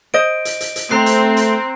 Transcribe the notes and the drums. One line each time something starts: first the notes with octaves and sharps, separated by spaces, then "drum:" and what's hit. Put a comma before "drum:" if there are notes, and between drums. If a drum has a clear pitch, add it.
C5 D#5 D7
drum: hi-hat
drum: hi-hat
drum: hi-hat
A3 C4 A#5 F#6 C7
drum: hi-hat
drum: hi-hat